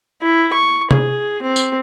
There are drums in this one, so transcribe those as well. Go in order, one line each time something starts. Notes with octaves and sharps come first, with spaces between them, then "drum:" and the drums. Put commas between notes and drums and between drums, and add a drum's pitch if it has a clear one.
E4
C#6
G#4, drum: tom C3
C4
drum: tambourine